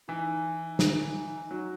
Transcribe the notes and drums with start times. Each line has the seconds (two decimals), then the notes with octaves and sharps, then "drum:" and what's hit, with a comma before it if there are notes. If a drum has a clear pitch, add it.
0.08 E3 D#4
0.79 drum: snare
1.51 F#3